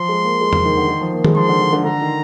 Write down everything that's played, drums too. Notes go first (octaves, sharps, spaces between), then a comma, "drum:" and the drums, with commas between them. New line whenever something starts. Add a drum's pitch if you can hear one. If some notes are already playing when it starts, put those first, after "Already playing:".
Already playing: F3 C6
G#3
A#3
G#3
F3, drum: tom E2
D#3
D3
D#3
F3
A#3
G#3, drum: tom D#3
F3 C6
D3
D3
D3
D3 A#5
D#3